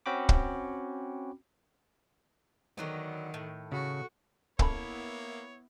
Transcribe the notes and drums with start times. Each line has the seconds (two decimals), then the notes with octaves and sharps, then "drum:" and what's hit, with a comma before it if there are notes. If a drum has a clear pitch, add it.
0.06 C4 C#4 F#4 G5 B5 D6
0.29 drum: kick
2.78 D3 D#3 F#3 B3
3.34 A2
3.72 C#3 F#4
4.59 A#3 B3 C#4 E4 A4 C#5 B5, drum: kick